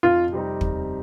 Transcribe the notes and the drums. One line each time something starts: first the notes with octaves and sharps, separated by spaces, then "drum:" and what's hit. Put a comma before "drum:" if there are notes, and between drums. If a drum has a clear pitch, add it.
F2 F4
C3 G3 C4 D#4
drum: kick